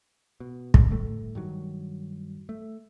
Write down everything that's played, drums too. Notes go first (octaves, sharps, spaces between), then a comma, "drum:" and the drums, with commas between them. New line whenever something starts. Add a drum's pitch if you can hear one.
B2
drum: kick
G1 A2 A3
G2 D#3 F#3
A3